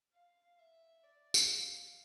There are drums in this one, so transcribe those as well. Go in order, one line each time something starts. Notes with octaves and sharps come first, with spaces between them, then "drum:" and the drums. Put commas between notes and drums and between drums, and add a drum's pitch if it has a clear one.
F5
E5
D5
drum: tambourine
F5